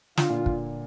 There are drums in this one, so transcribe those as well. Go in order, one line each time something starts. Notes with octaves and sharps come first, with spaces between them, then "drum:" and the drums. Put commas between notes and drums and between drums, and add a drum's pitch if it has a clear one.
D3 F4, drum: snare
A#2
drum: kick